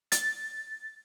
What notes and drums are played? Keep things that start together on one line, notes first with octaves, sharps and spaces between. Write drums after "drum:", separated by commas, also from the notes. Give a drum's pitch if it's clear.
A6, drum: hi-hat